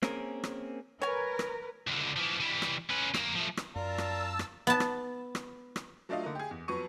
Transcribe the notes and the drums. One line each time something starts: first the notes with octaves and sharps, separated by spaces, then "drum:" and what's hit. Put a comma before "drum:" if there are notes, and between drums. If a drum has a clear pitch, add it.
A#3 C4 C#4 G#4 A#4, drum: rim click
drum: rim click
A#4 B4 C#5 G#5
drum: rim click
C#2 D3
E3 F3
E3 G3
drum: rim click
C#4 B4
F2 A#3, drum: rim click
F3 A3
drum: rim click
F#2 F4 A#4 D5 A5 E6
drum: rim click
drum: rim click
B3 A5
drum: rim click
drum: rim click
drum: rim click
F#3 A3 D4 F4 D#5 F5
D3 A#3 D#4
G4 G#4
E2
F2 F#3 B3 B4 C#6 D#7